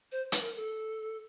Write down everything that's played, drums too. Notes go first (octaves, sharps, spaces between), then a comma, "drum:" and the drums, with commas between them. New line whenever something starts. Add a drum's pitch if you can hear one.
C5
B4, drum: hi-hat
A#4
A4